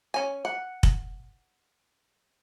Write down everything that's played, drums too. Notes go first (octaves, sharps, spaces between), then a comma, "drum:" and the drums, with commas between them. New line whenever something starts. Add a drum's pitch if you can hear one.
C#4 G#5
F#5
drum: kick